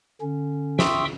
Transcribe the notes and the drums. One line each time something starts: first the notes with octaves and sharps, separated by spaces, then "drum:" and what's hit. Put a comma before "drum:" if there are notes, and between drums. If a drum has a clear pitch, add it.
D3 C#4
E5 G5 C6 C#6 D#6 E6, drum: snare